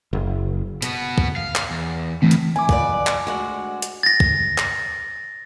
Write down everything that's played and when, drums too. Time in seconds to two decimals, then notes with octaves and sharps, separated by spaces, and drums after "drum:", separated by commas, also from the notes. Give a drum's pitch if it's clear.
0.13 F#1
0.82 B2 B3, drum: hi-hat
1.18 drum: kick
1.36 F5
1.55 drum: clap
1.71 E2
2.22 D2 A2 E3 A3 C4
2.31 drum: hi-hat
2.56 E4 G#5 D6
2.69 F2 B4 D5, drum: kick
3.07 drum: clap
3.27 D2 G#3 F#4
3.82 drum: hi-hat
4.03 A6 A#6
4.20 drum: kick
4.58 drum: clap